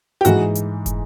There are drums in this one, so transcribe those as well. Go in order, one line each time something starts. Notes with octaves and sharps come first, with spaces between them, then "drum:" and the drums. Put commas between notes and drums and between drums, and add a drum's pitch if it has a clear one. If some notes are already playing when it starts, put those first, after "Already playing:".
G4
G#2 E3 G#3 F#4, drum: hi-hat
drum: hi-hat
drum: kick, hi-hat